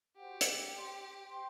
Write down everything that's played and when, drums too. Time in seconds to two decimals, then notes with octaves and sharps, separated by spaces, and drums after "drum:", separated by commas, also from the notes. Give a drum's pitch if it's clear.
0.16 F#4 G4 C5 F#5
0.41 drum: hi-hat
0.72 C5 G5 C6
1.28 C5 G5 C6